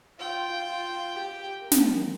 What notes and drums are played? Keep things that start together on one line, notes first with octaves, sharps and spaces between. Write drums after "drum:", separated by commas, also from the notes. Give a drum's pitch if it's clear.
F4 G5
F4
G4
A#4
drum: snare